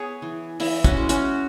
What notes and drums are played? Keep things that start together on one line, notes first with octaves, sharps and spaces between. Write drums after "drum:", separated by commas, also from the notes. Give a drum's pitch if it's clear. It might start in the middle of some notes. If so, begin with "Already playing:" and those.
Already playing: B3 G#4 C#5
E3
E3 E4, drum: open hi-hat
C#4 F#4, drum: kick, hi-hat
G#3
C#4 F#4, drum: hi-hat